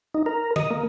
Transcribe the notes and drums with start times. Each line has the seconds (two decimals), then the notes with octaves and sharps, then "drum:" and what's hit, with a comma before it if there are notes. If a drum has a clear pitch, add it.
0.15 D#4
0.26 A#4
0.56 D#5, drum: tom D3
0.71 A#3